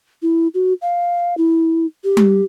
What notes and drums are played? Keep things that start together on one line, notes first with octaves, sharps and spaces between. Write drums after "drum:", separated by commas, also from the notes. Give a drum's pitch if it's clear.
E4
F#4
F5
E4
G4
drum: tom G3